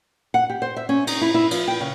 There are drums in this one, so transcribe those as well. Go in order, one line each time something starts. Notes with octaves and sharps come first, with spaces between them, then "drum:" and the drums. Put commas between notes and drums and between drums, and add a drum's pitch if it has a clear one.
F#5
G4
C5
E5
C#4
D#4, drum: cymbal
E4
E4
F3, drum: cymbal
G5
C#3